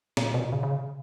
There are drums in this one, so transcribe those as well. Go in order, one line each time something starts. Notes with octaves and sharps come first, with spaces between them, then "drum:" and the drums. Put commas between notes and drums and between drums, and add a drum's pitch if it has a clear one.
A#2, drum: snare
B2
A#2
C#3
C#3
C3